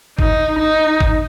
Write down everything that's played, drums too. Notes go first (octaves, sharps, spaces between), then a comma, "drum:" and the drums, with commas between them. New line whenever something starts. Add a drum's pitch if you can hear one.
D#4, drum: kick
D#4
drum: kick